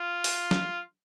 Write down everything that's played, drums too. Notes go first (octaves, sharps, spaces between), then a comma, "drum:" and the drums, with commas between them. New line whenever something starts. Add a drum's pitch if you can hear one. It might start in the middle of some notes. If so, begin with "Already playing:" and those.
Already playing: F4
drum: open hi-hat
drum: snare